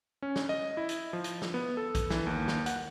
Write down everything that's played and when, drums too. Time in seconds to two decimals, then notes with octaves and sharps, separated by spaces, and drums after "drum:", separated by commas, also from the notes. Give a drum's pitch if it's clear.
0.22 C#4
0.36 drum: snare
0.49 D#5
0.77 E4
0.89 drum: hi-hat
1.13 F3
1.24 drum: hi-hat
1.42 drum: snare
1.54 B3
1.77 A4
1.95 drum: kick A#1, hi-hat
2.10 E3, drum: snare
2.27 D#2
2.48 drum: snare
2.66 F#5, drum: hi-hat